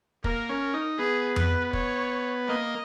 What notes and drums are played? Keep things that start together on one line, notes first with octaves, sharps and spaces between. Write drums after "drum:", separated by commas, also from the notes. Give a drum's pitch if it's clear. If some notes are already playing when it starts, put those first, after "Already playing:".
A#3 A#4, drum: kick
C#4
D#4
B3 G#4
B4, drum: tom F2
C#5, drum: kick
A#3 D#5